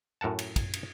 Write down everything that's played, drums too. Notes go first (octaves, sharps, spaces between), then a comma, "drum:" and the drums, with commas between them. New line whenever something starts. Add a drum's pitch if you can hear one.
F#2 A2 A#4 F#5 A5
drum: cymbal
drum: kick, cymbal
drum: cymbal